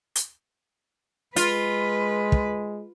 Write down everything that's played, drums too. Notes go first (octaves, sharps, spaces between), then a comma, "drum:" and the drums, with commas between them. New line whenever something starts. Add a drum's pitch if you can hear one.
drum: hi-hat
G#3 F4 B4, drum: hi-hat
drum: kick